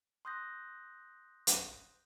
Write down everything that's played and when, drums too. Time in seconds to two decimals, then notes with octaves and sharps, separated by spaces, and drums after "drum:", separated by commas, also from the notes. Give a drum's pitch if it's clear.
0.25 C6 D#6 F#6 G6 A#6
1.47 drum: hi-hat